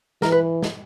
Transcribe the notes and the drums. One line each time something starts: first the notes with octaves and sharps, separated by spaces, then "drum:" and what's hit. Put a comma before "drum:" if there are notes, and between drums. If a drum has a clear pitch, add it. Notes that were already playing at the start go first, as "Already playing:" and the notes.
E3 A#4, drum: snare
B4
drum: snare